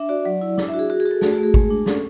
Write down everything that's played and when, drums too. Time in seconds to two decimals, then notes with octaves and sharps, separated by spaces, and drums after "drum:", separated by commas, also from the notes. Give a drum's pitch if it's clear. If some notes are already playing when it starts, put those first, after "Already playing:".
Already playing: D4 E5
0.09 F#4 D5
0.25 F#3
0.41 E4
0.58 D4, drum: snare
0.68 E5
0.74 F#4
0.79 G#4
0.90 F#4
1.00 G#4
1.06 F#4
1.11 A4
1.21 A3 G#4, drum: snare
1.33 F#4
1.38 A3
1.43 G#4
1.54 G#3, drum: kick G#1
1.70 D4
1.86 C#4 A4, drum: snare